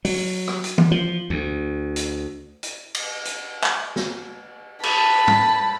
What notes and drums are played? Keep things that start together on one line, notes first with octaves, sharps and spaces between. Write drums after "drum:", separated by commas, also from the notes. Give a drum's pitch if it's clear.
F#3, drum: open hi-hat
drum: rim click
drum: hi-hat
drum: tom E3
F3
D2
drum: hi-hat
drum: hi-hat
drum: cymbal
drum: hi-hat
drum: clap
drum: snare
A5 B5, drum: cymbal
drum: tom